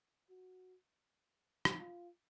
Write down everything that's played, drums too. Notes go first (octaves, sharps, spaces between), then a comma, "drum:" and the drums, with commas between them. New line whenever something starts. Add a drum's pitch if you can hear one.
F#4
drum: rim click
F4